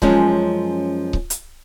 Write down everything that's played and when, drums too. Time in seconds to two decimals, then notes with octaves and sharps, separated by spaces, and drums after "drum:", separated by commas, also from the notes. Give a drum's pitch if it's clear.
0.02 F#2 F3 G#3 C#4, drum: kick C#1
1.13 drum: kick C#1
1.30 drum: hi-hat